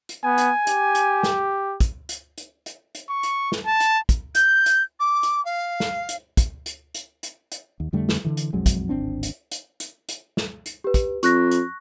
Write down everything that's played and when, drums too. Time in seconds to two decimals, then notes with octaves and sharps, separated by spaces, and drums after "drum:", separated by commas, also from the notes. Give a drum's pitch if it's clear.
0.09 drum: hi-hat
0.25 B3 G#5
0.38 drum: hi-hat
0.67 G4, drum: hi-hat
0.95 drum: hi-hat
1.23 drum: snare
1.80 drum: kick, hi-hat
2.09 drum: hi-hat
2.38 drum: hi-hat
2.66 drum: hi-hat
2.95 drum: hi-hat
3.09 C#6
3.23 drum: hi-hat
3.52 drum: snare
3.66 A5
3.80 drum: hi-hat
4.09 drum: kick, hi-hat
4.35 G6, drum: hi-hat
4.66 drum: hi-hat
5.00 D6
5.23 drum: hi-hat
5.45 F5
5.80 drum: snare
6.09 drum: hi-hat
6.37 drum: kick, hi-hat
6.66 drum: hi-hat
6.94 drum: hi-hat
7.23 drum: hi-hat
7.52 drum: hi-hat
7.80 D#2
7.93 F2 D3 G3 A3
8.09 drum: snare
8.25 D3 E3
8.37 drum: hi-hat
8.53 B1 F2 F#3 G#3
8.66 drum: kick, hi-hat
8.89 D1 G#1 C4 D4
9.23 drum: hi-hat
9.52 drum: hi-hat
9.80 drum: hi-hat
10.09 drum: hi-hat
10.37 drum: snare
10.66 drum: hi-hat
10.84 G4 B4
10.94 drum: kick, hi-hat
11.23 F2 C#6 F#6 A#6, drum: hi-hat
11.51 drum: hi-hat